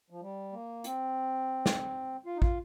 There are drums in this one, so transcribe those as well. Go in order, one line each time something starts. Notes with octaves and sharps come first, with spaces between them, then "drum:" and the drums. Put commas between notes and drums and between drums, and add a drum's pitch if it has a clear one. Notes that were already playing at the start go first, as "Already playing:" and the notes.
F3
G3
A#3
C4, drum: hi-hat
drum: snare
F4
D#4
F4, drum: kick